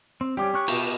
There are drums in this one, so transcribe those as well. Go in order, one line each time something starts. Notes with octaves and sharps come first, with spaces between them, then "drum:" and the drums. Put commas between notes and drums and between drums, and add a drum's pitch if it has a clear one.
C4
G3 C#4 G4 D6
C#4 C#6 F#6
B2 D#5 G5, drum: cymbal